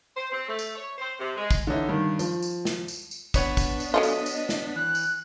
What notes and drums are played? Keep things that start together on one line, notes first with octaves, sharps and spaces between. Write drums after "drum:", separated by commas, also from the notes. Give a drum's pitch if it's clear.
C5
C4
A3
drum: tambourine
C#5
C5
C3
G#3
drum: kick, tambourine
D3 E3 C#4 D#4 E4
G2 D#3
F3, drum: tambourine
drum: tambourine
drum: snare
drum: tambourine
drum: tambourine
B3 D4 B4 C#5 F#5 B6, drum: kick, tambourine
drum: kick, tambourine
drum: tambourine
F#3 A3 F4 D#5
drum: tambourine
drum: tambourine
drum: snare
E3 F#6
drum: tambourine